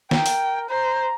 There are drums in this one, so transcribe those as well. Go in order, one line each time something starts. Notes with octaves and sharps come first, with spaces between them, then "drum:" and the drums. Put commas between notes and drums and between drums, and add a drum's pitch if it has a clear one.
A#4 G5, drum: snare
drum: open hi-hat
C5 A#5